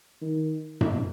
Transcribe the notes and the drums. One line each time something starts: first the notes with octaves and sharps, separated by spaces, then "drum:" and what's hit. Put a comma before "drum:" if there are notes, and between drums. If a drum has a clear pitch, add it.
D#3
drum: tom F#2